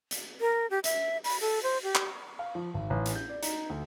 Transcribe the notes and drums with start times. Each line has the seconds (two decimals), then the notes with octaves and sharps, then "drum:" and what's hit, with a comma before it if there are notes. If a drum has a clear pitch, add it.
0.11 drum: hi-hat
0.41 A#4
0.70 G4
0.84 E5, drum: hi-hat
1.24 B5, drum: open hi-hat
1.41 A4
1.63 C5
1.83 G4
1.95 drum: clap
2.39 F5
2.55 F3
2.74 G#1
2.90 A1
3.06 drum: hi-hat
3.15 G6
3.29 D5
3.43 D#4, drum: hi-hat
3.70 D2